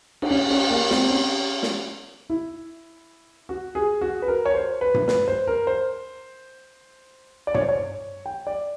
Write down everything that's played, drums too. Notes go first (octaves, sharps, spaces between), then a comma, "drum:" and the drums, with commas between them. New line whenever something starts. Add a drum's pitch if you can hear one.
D4, drum: cymbal
C#4
C#4, drum: cymbal
A#3
C4, drum: snare
C#4
drum: snare
E4
F#4
G#4
F#4
B4
A#4
C#5
C5
B4
drum: tom G2
B4, drum: snare
C5
A#4
C5
D5
C#5, drum: tom G2
C5
C#5
G5
D5